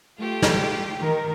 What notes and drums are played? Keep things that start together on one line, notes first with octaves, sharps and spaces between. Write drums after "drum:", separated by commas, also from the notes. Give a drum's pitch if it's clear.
A3 F4 G4
drum: snare
D#3 A#4